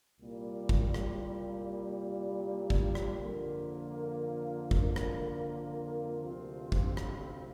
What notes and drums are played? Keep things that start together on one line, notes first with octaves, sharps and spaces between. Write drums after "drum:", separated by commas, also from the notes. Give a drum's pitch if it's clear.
C2 A#2 G3 A#3
drum: kick
drum: rim click
drum: kick
drum: rim click
F2 D3 A#3 F4 A#4
drum: kick
drum: rim click
D2 C3 F3 C4 F4
drum: kick
drum: rim click